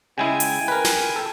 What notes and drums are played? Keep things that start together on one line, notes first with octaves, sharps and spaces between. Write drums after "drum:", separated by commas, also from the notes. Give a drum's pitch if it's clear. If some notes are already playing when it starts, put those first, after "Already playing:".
C#3 G#3 E4 G5 G#5
drum: hi-hat
A#4 B4
drum: snare
A4